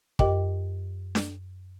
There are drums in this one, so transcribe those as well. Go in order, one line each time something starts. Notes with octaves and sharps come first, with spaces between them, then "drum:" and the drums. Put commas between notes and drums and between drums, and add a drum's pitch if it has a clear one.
F#2 G4 A#4 D#5 G5 D6, drum: kick
drum: snare D4